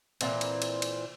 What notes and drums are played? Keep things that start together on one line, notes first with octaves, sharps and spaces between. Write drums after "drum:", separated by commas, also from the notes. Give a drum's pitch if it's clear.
A#2 E3 C4, drum: cymbal
drum: cymbal
drum: cymbal
drum: cymbal